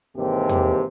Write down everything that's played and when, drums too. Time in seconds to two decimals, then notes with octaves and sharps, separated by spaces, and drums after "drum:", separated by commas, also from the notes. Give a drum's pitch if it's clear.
0.17 D#2 G#2 C3 E3 G4
0.49 drum: tom E2